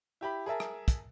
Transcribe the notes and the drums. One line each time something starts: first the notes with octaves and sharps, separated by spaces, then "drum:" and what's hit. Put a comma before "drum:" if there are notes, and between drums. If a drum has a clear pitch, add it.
E4 G4 B5
G#4 A#4 E5 A5
drum: rim click
drum: kick, hi-hat